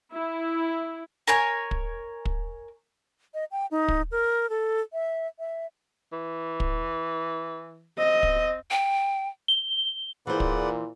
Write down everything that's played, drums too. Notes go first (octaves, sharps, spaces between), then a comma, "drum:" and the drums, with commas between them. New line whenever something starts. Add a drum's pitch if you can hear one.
E4
A#4 C#5 G#5
drum: kick
drum: kick
D#5
G5
D#4
drum: kick
A#4
A4
E5
E5
E3
drum: kick
C4 D#5
drum: kick
G5
G7
A#2 E3 G#4 B4 C5 D5 F#5
drum: kick